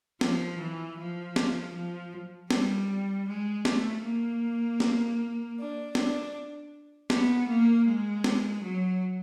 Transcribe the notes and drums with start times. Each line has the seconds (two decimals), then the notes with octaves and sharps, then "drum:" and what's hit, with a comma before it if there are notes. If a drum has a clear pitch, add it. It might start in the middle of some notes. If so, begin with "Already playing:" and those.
0.21 F3, drum: snare
0.59 E3
0.98 F3
1.36 drum: snare
1.75 F3
2.51 G3, drum: snare
3.28 G#3
3.65 A3, drum: snare
4.03 A#3
4.80 drum: snare
5.57 D4
5.95 D4, drum: snare
7.10 B3, drum: snare
7.48 A#3
7.86 G#3
8.24 drum: snare
8.62 F#3